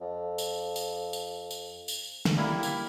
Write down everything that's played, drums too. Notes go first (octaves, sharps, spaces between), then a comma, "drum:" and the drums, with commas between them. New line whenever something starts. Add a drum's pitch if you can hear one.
F2
drum: tambourine
drum: tambourine
drum: tambourine
drum: tambourine
drum: tambourine
drum: snare
G3 A#3 E4
drum: tambourine